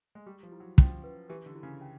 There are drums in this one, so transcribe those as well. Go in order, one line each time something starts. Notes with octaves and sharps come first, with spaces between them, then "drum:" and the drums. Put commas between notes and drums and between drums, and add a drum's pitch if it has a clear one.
G#3
G3 G4
F3
E4
F#3
F3 C#4, drum: kick
B4
E3 G4
D3
E4
C#3
C#4